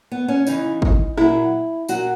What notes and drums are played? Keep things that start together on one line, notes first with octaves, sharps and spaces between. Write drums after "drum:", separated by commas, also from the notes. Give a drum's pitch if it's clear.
B3
C#4
C#3 E3 D#4, drum: tambourine
drum: kick
A#2 F#3 E4, drum: rim click
A#2 F#3 F#4, drum: tambourine